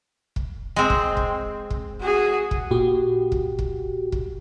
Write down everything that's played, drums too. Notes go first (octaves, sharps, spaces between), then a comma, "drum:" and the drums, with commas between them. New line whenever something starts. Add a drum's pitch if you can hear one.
drum: kick
G#3 C4
drum: kick
drum: kick
drum: kick
F#4 G#4
drum: kick
A#2 F#4 G4
drum: kick
drum: kick
drum: kick